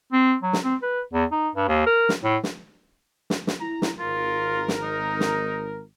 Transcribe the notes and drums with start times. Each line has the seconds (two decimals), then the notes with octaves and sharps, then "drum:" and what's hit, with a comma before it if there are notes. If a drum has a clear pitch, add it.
0.12 C4
0.43 F#3
0.53 drum: snare
0.64 C4
0.82 B4
1.13 E2
1.31 D#4
1.55 G2
1.68 D#2
1.86 A#4
2.09 drum: snare
2.24 A2
2.44 drum: snare
3.30 drum: snare
3.47 drum: snare
3.61 E4 A#5
3.82 drum: snare
3.99 G#1 F4 A#4
4.68 drum: snare
4.83 D#4
5.20 drum: snare